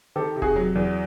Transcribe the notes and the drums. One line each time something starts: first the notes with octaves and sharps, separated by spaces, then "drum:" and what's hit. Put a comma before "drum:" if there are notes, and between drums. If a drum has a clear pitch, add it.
D#3 G4 A4
C3
F#4 G#4, drum: kick E1
F#3
E2